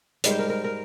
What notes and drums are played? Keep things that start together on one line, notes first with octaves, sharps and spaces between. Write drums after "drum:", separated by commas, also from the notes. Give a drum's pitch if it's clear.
G#2 G3 A#4, drum: hi-hat
C5
A#4
A#4
A#4